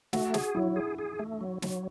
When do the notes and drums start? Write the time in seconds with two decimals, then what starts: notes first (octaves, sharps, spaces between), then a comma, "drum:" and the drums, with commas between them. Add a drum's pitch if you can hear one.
0.13 A3 F#4, drum: snare
0.34 G#4, drum: snare
0.55 F#3 E4
0.76 G#4
0.98 G#4
1.19 A3
1.41 F#3
1.62 F#3, drum: snare